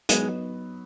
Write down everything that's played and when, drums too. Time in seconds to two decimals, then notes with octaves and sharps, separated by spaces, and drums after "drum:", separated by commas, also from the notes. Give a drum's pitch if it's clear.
0.09 F#3 G#3 B3 D#4, drum: hi-hat